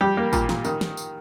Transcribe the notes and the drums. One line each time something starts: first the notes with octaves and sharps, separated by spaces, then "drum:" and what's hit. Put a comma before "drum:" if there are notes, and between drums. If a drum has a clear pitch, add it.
G3 G4
A#3
A#2, drum: kick, tambourine
A#2, drum: snare
D#3, drum: tambourine
drum: snare
drum: tambourine